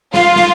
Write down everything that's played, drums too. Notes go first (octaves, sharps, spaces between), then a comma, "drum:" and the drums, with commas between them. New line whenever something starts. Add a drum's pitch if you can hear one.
F4, drum: snare
drum: snare